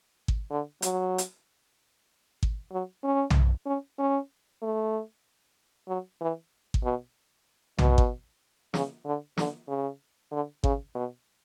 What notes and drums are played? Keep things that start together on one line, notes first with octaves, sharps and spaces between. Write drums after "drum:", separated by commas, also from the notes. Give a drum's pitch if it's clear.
drum: kick G#1
D3
F#3, drum: hi-hat
drum: hi-hat
drum: kick G#1
F#3
C#4
drum: tom B1
C#4
C#4
A3
F#3
E3
drum: kick G#1
B2
B2, drum: tom B1
drum: kick G#1
C#3, drum: snare
D3
D3, drum: snare
C#3
D3
C#3, drum: kick G#1
B2